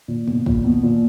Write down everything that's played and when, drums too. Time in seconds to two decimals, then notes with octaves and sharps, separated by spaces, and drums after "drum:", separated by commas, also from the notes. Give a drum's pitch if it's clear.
0.08 A#2
0.28 B2, drum: tom G2
0.46 A#2, drum: kick
0.64 B2
0.83 A#2